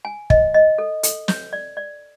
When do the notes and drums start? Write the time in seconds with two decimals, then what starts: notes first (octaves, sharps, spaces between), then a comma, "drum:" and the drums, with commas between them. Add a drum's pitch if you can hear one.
0.05 G#5
0.30 D#5, drum: kick
0.54 D#5
0.78 A4
1.03 A4, drum: hi-hat
1.28 C#5, drum: snare
1.53 D5
1.77 D5